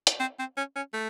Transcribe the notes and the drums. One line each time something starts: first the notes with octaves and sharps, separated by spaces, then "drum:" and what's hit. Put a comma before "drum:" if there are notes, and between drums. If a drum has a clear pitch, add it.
drum: hi-hat
C4
C4
C#4
C#4
A3